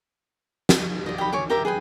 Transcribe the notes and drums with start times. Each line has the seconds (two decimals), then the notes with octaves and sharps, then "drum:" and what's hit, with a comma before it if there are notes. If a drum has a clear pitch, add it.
0.69 drum: snare
1.06 D5 D#5
1.18 G4 D#5 B5
1.33 C#5 G#5 D6
1.50 G4 A#4 E5 D6
1.65 G#4 B4 G5 G#5